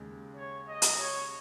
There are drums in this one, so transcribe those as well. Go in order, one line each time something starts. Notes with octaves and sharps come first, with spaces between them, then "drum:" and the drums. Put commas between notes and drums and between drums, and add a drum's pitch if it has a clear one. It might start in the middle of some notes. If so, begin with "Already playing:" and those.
Already playing: D#2 C#3 G#3
C#5
D#5
drum: hi-hat
C#5